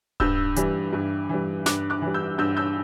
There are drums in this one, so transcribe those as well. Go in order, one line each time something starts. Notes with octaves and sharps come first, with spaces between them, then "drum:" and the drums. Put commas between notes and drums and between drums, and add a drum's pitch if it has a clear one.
G2 E6 G6, drum: kick D1
E3 G3, drum: hi-hat
G2
E3 G3
G2 D6 F#6, drum: snare
D6 F#6
E3 G3
E6 G6
G2 E6 G6
E6 G6